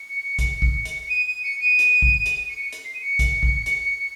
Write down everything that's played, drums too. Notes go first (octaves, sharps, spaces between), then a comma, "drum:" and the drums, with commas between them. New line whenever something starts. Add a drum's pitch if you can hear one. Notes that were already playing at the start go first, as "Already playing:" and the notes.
Already playing: C#7
drum: kick, hi-hat
drum: kick
drum: hi-hat
C#7
D#7
D#7
C#7
D#7
drum: hi-hat
drum: kick
drum: hi-hat
C#7
drum: hi-hat
C7
D#7
C#7
drum: kick, hi-hat
drum: kick
drum: hi-hat